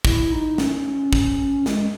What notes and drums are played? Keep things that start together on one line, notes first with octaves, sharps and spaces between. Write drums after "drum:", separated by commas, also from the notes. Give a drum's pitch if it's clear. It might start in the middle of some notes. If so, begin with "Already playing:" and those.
E4, drum: kick
D#4
C#4, drum: snare
drum: kick
G#3, drum: snare